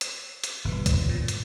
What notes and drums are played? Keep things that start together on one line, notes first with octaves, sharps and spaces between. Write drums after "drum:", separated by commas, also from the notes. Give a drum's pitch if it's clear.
drum: hi-hat
drum: hi-hat
G1 G2 B2 E3
drum: kick, hi-hat
A#2
drum: hi-hat